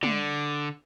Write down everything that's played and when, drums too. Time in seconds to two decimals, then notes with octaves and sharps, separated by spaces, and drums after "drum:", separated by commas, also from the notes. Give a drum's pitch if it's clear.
0.03 D3, drum: tom